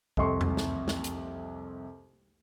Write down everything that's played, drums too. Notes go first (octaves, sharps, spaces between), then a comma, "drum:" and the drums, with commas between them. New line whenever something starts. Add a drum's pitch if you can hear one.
C2 F2 A4 D#5 C6 C#6, drum: kick
drum: tom E2
drum: snare
drum: snare
drum: hi-hat